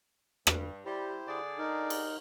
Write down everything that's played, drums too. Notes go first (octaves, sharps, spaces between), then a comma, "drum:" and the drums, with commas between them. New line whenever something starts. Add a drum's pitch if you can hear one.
G2, drum: rim click
G3 E4 G4 C5
D3 G#4 D5
D#4 A#4
drum: cymbal